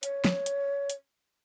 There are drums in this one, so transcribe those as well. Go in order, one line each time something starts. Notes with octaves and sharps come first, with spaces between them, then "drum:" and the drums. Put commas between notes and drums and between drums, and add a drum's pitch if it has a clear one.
C#5, drum: hi-hat
drum: snare
drum: hi-hat
drum: hi-hat